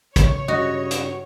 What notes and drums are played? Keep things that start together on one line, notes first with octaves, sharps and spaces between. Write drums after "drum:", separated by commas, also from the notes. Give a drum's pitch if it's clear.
C#5, drum: kick, hi-hat
G2 C#3 F#4 D#5
drum: hi-hat